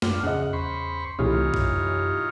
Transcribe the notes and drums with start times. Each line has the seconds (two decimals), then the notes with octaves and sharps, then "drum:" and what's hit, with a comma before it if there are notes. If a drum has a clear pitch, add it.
0.02 F#2 D4 F4, drum: snare
0.23 F2 C#3 D#5 F#5
0.53 E2 C5 B5 C#6
1.19 C2 A2 C3 E3 D#4 F4 C#5
1.54 F#2, drum: kick A#1